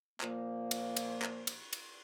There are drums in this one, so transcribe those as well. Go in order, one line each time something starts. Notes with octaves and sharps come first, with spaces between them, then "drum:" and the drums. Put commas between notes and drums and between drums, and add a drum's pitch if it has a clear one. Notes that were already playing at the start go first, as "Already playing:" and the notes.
A#2 F3 A#3, drum: clap
drum: cymbal
drum: cymbal
drum: clap
drum: cymbal
drum: cymbal